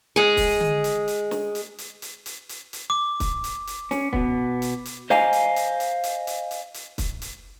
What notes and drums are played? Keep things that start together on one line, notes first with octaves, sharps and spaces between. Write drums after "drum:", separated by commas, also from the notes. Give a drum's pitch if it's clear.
G#3 G#4
drum: kick, open hi-hat
drum: tom D3
drum: hi-hat
drum: hi-hat
drum: snare
drum: hi-hat
drum: hi-hat
drum: hi-hat
drum: hi-hat
drum: hi-hat
drum: hi-hat
D6
drum: kick, hi-hat
drum: hi-hat
drum: hi-hat
C#4, drum: snare
B2 B3, drum: kick
drum: hi-hat
drum: hi-hat
C5 D#5 F5 G#5 A#5, drum: snare
drum: hi-hat
drum: hi-hat
drum: hi-hat
drum: hi-hat
drum: hi-hat
drum: hi-hat
drum: hi-hat
drum: kick, hi-hat
drum: hi-hat